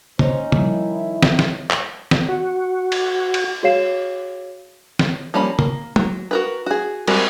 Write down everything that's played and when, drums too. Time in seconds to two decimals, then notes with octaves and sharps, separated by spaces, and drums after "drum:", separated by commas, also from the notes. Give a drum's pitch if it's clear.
0.19 G#2 C#4 D#4 C5, drum: tom
0.52 D#3 F3 G3 E4, drum: tom
1.22 drum: snare
1.39 drum: snare
1.70 drum: clap
2.11 drum: snare
2.29 F#4
2.92 drum: cymbal
3.34 drum: cymbal
3.63 F#4 G#4 C#5 F5 C7 E7
4.99 drum: snare
5.34 F3 G3 A#3 C#4 B5
5.59 A#3, drum: tom
5.96 F#3, drum: tom
6.31 F#4 A#4 B4
6.66 F#4 G#4
7.08 G3 G#3 C4 F#4 A#4, drum: cymbal